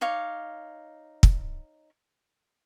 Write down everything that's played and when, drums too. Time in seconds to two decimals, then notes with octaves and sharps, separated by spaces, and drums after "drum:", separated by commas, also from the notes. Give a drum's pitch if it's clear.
0.01 D#4 C#5 F5 D6
1.23 drum: kick